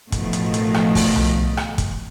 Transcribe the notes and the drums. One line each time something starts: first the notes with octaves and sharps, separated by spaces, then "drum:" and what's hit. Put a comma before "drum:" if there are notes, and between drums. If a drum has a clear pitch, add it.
A1 B2 D#3 F3 A3, drum: kick, hi-hat
drum: hi-hat
drum: hi-hat
drum: rim click
drum: kick, open hi-hat
drum: tom C2
drum: rim click
drum: kick, hi-hat